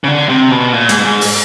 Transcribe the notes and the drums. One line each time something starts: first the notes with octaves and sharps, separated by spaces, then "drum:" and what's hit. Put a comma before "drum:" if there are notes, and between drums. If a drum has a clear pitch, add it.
C#3
D3
C3
B2
A#2
G#2, drum: hi-hat
G#2
drum: open hi-hat